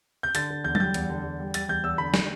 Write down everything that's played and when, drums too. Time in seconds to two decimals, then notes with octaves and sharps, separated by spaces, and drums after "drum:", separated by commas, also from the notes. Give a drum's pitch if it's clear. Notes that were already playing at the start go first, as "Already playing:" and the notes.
0.23 G6
0.35 D3 A6, drum: hi-hat
0.50 D3
0.64 E2 G6
0.75 A6, drum: tom F#3
0.80 G3 G6
0.94 E2, drum: hi-hat
1.10 D3
1.24 E2
1.40 G3
1.54 G3 A6, drum: hi-hat
1.68 E2 G6
1.84 E2 E6
1.98 D3 B5
2.14 drum: snare